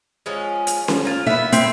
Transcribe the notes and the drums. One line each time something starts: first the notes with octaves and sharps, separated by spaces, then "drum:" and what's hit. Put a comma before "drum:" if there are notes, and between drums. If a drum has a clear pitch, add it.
F3 G#3 C#4
drum: hi-hat
drum: snare C#4
A#3 F4
B3 E5 F#5
C4 E4, drum: hi-hat